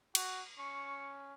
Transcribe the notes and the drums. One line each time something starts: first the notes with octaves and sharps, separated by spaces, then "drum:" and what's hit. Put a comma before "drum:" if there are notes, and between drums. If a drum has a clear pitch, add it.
F#4, drum: cymbal
C#4 C#6